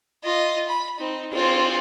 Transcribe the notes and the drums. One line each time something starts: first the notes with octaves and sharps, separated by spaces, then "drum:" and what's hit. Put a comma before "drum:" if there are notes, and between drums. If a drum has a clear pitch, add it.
F4 D#5
B5
C4 D#4
C4 F4, drum: cymbal